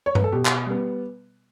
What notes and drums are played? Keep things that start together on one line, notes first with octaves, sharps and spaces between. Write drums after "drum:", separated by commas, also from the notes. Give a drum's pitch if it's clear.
C#5
B4, drum: tom G2
A4
B2 G4
drum: clap
G3 B3